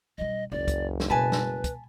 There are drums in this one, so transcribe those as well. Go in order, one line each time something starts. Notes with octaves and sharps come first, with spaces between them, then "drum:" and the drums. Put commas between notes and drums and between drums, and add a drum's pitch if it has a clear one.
E1 G3 D#5
F#1 C#2 D5
drum: kick, hi-hat
drum: snare
B2 B4 G#5 A5 B5
drum: snare
drum: kick, hi-hat